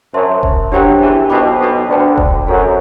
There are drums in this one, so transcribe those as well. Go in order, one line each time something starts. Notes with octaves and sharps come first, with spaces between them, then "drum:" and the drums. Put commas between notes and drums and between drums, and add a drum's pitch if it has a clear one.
F#2 F#3 C5 E5 A5 C6
drum: kick E1
F#2 F#3 D4 G4 C5 G5
E2 E3
B1 B2 C5 G5 B5 D6
B1 B2
D2 D3 F#4 C5 G5
drum: kick E1
F#2 F#3 F#4 A4 C5